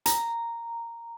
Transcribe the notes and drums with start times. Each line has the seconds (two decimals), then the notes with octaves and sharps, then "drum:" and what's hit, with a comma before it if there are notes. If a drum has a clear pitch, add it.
0.06 A#5, drum: hi-hat